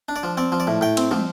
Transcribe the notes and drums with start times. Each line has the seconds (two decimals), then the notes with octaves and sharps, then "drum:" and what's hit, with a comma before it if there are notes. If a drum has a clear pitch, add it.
0.09 D4
0.16 D5
0.23 F3
0.37 C4 D5
0.52 F3
0.60 D5
0.67 A2
0.81 A2 G5
0.97 C4, drum: cymbal
1.11 F3, drum: tom